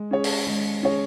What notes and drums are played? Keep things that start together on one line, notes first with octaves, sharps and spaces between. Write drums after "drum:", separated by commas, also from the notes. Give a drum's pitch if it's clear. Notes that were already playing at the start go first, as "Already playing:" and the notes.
Already playing: G#3
C#4 G#4 C#5
drum: open hi-hat
G#3
C#4 G#4 C#5